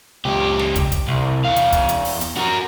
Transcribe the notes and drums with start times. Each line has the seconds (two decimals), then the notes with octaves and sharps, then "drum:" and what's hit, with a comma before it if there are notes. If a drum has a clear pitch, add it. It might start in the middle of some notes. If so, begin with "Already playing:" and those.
0.25 C#2 G4
0.59 drum: snare
0.76 drum: kick, hi-hat
0.92 drum: kick, hi-hat
1.08 C2
1.45 E2 F5
1.56 drum: hi-hat
1.72 drum: kick, hi-hat
1.89 drum: hi-hat
2.05 drum: open hi-hat
2.21 drum: hi-hat
2.37 F#4 A#4